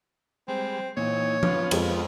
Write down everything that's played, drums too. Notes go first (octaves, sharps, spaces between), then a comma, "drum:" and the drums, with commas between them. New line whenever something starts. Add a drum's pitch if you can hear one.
G3 G#3 C4
A#2 E3 D#4 C#5
F3 B3 F4, drum: tom F3
F2 G#3, drum: cymbal